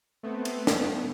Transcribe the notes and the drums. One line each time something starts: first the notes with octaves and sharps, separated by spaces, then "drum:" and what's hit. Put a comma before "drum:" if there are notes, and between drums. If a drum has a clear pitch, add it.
A3 B3 C4
drum: cymbal
drum: snare
A2 D3 B3